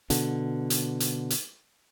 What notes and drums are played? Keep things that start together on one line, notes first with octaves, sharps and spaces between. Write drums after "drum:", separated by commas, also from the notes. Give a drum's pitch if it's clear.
B2 D3, drum: hi-hat
drum: hi-hat
drum: hi-hat
drum: hi-hat